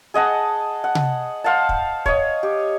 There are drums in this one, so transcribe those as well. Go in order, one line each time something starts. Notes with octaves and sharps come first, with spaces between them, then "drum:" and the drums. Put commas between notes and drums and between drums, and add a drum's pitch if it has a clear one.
G#4 D#5 F#5 A5
F#5
drum: tom C3
C5 F5 F#5 A5
drum: kick
C#5 D#5, drum: kick
G4